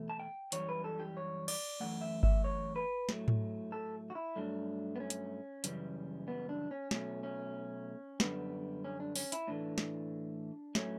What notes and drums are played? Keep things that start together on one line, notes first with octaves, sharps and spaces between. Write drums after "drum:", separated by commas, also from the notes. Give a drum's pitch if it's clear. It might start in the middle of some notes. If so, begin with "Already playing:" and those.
Already playing: E2 B2 A3
A5
G5
F#2 E3 G3 C#5, drum: hi-hat
B4
A4
G4
C#5
D5, drum: cymbal
F#2 E3 A3 F#5
E5
E5, drum: kick G1
C#5
B4
A2 F#3 A3, drum: snare
drum: tom G#2
A4
F#4
E4
G2 F#3 A3 D4
B3
C#4
drum: hi-hat
F#2 C#3 E3 G3, drum: hi-hat
B3
D4
C#4
B2 F#3 A3 C#4, drum: snare
C#4
F#2 D3 G3 B3, drum: snare
C#4
D4
C#4, drum: open hi-hat
E4, drum: hi-hat
A2 E3 A3 D4
drum: snare
A2 F#3 A3 C#4, drum: snare